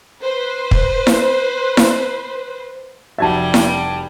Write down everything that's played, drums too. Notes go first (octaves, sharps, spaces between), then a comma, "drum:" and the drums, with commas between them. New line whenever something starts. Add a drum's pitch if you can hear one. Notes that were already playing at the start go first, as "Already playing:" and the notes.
B4 C5
drum: kick
drum: snare E4
drum: snare E4
F1 F3 G3 F#4 E5 A5 G#6 A6
drum: snare E4